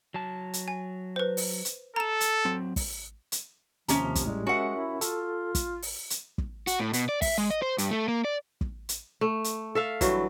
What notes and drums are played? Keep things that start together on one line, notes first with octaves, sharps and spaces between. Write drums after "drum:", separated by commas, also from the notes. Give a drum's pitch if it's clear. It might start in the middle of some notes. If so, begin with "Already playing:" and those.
F#3 A5
drum: hi-hat
G#5
B4 C5
drum: open hi-hat
drum: hi-hat
A4 A#5 E7
drum: hi-hat
F#3 C4
drum: kick, open hi-hat
drum: hi-hat
D#2 C3 F3 C#4 G4 A#5, drum: hi-hat
drum: kick, hi-hat
A2 G3 G#3
C#4 F#4 A#4 E5 F#5
E4
F4 A4, drum: hi-hat
drum: kick, hi-hat
drum: open hi-hat
drum: hi-hat
drum: kick
F#4, drum: hi-hat
A2
B2, drum: hi-hat
D5
E5, drum: kick, open hi-hat
G#3
D#5
C5
G2, drum: hi-hat
A3
A#3
D5
drum: kick
drum: hi-hat
A3
drum: hi-hat
A4 E5 F5
G2 E3 F#3, drum: kick, hi-hat